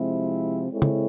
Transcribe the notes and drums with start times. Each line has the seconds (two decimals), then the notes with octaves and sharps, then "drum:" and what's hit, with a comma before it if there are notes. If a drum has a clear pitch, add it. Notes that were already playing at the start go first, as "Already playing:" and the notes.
Already playing: C3 F3 G#3 C4 E4
0.71 G#3 C4 E4 A4 C#5
0.82 drum: tom